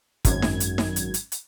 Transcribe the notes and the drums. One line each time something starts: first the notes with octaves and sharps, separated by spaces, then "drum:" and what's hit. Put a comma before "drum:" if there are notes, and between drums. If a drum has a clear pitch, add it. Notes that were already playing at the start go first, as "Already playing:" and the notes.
G#1 F#2 G#6, drum: kick, hi-hat
drum: snare D#4
drum: hi-hat
drum: snare D#4
drum: hi-hat
drum: hi-hat
drum: hi-hat